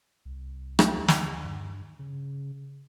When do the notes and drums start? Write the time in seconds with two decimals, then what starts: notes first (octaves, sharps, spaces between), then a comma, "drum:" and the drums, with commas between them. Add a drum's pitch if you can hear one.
0.25 C2
0.79 drum: rim click
0.97 D#2
1.08 drum: snare
1.44 G2
1.99 C#3